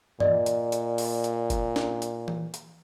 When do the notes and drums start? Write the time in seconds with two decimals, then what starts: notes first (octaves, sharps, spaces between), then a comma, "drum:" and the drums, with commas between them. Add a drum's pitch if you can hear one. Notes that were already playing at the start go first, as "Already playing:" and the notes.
0.20 A#2 D5 D#5, drum: tom
0.46 drum: hi-hat
0.72 drum: hi-hat
0.98 drum: open hi-hat
1.24 drum: hi-hat
1.50 drum: kick F#1, hi-hat
1.76 drum: snare D4
2.02 drum: hi-hat
2.28 drum: tom E3
2.54 drum: hi-hat